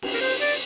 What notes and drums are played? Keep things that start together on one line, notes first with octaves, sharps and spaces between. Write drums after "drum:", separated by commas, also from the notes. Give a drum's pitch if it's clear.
drum: cymbal
A#4
C5
D5